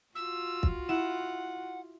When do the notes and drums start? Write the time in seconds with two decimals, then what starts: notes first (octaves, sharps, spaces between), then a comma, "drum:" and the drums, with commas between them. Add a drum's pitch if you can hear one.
0.15 F4 F#4 E6
0.63 drum: kick
0.89 E4 F#5 E7